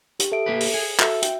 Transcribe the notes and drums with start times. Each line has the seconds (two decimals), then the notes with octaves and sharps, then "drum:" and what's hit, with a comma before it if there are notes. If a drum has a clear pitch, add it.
0.20 G4, drum: hi-hat
0.32 A4 E5 D7
0.46 A#3 G4 B4
0.60 drum: open hi-hat
0.74 G#4
1.00 F#4 A4 E5, drum: clap
1.22 G5, drum: hi-hat